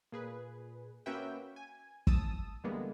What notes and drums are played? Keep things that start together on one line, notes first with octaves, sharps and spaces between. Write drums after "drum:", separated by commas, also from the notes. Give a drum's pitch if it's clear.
A#2 G#4 B4
A#3 C#4 F#4 B4 E5 G5
G#5
A5 D#6 E6, drum: kick
D3 E3 G3 G#3 A#3 B3